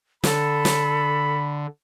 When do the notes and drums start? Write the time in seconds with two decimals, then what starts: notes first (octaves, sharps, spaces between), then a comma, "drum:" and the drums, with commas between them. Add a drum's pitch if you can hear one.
0.24 D3 A4 B5, drum: snare
0.65 drum: snare